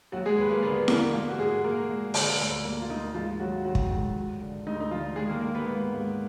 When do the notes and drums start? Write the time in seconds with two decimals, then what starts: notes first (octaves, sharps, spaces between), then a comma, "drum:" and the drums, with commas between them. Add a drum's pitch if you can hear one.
0.12 D#2 F#3 F#4
0.26 G#3 G#4
0.38 D#2 B4
0.50 A#3 A#4
0.63 D3 B3 B4
0.88 D3 A#3 A#4, drum: snare E4
1.13 F3 A#3 A#4
1.29 F#4
1.38 G#2 G#3 G#4
1.64 F3 A#3 A#4
1.89 G#2
2.14 D3, drum: open hi-hat
2.40 D2
2.64 F3 A#3 A#4
2.82 F4
2.89 D2 D#4
3.14 G#2 F3 F4
3.40 D#3 F#3 F#4
3.65 D#3 F#3 F#4
3.75 drum: kick
3.90 G#2
4.16 F3
4.42 D3
4.67 D2 D#4
4.80 D#4
4.91 D3 F3 F4
5.16 D#3 G#3 G#4
5.28 A#3 A#4
5.41 D#3 A#3 A#4
5.54 B3 B4
5.67 G#2
5.92 G#2